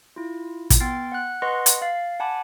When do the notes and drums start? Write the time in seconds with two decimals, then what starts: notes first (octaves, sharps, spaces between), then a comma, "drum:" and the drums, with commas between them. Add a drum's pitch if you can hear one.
0.16 E4 F4
0.70 drum: kick, hi-hat
0.80 B3 G5 C6 F6 A6 C7
1.12 F#5 F#6
1.42 B4 D#5 F#5 C6 C#6 A#6
1.66 drum: hi-hat
1.82 F5 A6 C7
2.20 F#5 G#5 A5 B5 D6